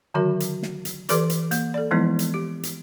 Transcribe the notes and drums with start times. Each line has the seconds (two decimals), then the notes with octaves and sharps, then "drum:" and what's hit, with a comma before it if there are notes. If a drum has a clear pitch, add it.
0.14 D3 D#3 F#3 F#4 A#4 E5
0.40 drum: hi-hat
0.63 drum: snare
0.85 drum: hi-hat
1.09 E3 G4 A4 B4 D5 D6, drum: hi-hat
1.30 drum: hi-hat
1.51 A#3, drum: hi-hat
1.74 A4 D5
1.91 E3 F3 G#3 B3 D#4 E4
2.19 drum: hi-hat
2.34 G4
2.63 drum: hi-hat